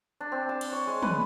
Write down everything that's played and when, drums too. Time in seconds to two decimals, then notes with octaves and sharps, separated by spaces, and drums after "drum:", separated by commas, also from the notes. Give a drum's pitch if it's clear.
0.21 D4
0.32 C4
0.49 A5
0.61 drum: cymbal
0.73 C#5
0.87 G#3
1.02 B4, drum: tom